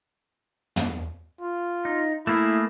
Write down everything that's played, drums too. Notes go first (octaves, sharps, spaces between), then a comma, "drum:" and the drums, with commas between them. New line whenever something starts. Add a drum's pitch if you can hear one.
drum: tom
F4
D#4
A3 A#3 E4 G#4